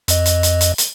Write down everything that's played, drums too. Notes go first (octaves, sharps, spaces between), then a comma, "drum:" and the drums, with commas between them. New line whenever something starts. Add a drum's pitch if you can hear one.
F2 D#5, drum: hi-hat
drum: hi-hat
drum: hi-hat
drum: hi-hat
drum: hi-hat